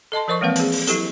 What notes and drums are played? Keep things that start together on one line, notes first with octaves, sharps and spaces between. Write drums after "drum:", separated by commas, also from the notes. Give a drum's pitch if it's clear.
A4 D#5 A5 C6
F3 A#4 C5 D#5 C#6
E3 G#3 A#3 C4 B4 F5
C4 G#4, drum: hi-hat
drum: open hi-hat
F#3 E4 G4 A4, drum: hi-hat